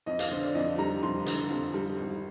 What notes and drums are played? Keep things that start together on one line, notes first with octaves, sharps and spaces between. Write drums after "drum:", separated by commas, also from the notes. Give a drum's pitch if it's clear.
F2 D#5
F5, drum: hi-hat
D3 C5
D5
F2 D#5
G3 A#5
F2 C6
D3, drum: hi-hat
F2
G3
G#1